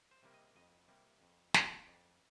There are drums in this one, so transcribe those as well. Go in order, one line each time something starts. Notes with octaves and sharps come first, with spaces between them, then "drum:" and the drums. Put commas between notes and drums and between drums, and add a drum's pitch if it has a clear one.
C5
C3 G3 A#3
D#5
F2 D#5
C3 G3 A#3
F2
D3 F3, drum: snare
F2 D5